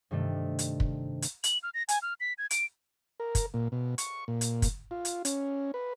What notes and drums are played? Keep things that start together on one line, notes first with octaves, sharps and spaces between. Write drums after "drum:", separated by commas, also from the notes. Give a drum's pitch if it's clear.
G2 C3 D#3 A3
drum: hi-hat
drum: kick
drum: hi-hat
F#7, drum: hi-hat
F6
A#6
G#5, drum: hi-hat
F6
B6
G#6
D7, drum: hi-hat
A#4
drum: kick, hi-hat
A#2
B2
C#6, drum: hi-hat
A#2
drum: hi-hat
drum: kick, hi-hat
F4
drum: hi-hat
C#4, drum: hi-hat
B4